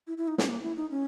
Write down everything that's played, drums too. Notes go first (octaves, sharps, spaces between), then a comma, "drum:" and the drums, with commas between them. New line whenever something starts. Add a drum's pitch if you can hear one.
E4
E4
D#4
C#4, drum: snare
A#3
E4
D#4
C#4